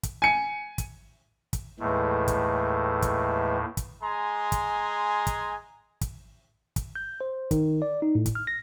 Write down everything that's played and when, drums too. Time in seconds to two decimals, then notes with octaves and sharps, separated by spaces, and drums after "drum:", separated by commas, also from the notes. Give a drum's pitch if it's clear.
0.03 drum: kick, hi-hat
0.22 G#5 C#7
0.78 drum: kick, hi-hat
1.53 drum: kick, hi-hat
1.80 D#2 A2 E3 G#3 A3
2.28 drum: kick, hi-hat
3.02 drum: kick, hi-hat
3.77 drum: kick, hi-hat
4.03 G#3 G#5 A#5 C6
4.52 drum: kick, hi-hat
5.27 drum: kick, hi-hat
6.01 drum: kick, hi-hat
6.76 drum: kick, hi-hat
6.95 G6
7.21 C5
7.51 D#3, drum: kick, hi-hat
7.82 D5
8.02 D#4
8.15 A2
8.26 drum: kick, hi-hat
8.35 F6
8.47 A#6